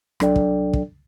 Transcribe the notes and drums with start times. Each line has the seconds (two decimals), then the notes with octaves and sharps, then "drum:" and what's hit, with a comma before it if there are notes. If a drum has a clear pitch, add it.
0.20 C2 F#3 D4 A4 D5 G5, drum: rim click
0.36 drum: kick
0.73 drum: kick